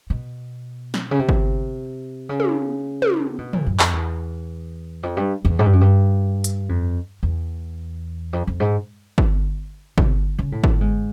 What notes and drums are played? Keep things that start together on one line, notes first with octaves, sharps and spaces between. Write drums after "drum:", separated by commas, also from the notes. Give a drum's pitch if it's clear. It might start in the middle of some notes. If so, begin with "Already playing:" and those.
B2
drum: snare
C#3
C3
drum: kick G1
C#3
drum: tom
drum: tom
B2
A#2, drum: tom
F#2
F2, drum: clap
E2
F2
G2
E2
G#2
G2
F#2
G2
drum: hi-hat
F2
E2
F2
F2
G#2
drum: kick G1
C3, drum: kick G1
C#3
A2
drum: kick G1
G#2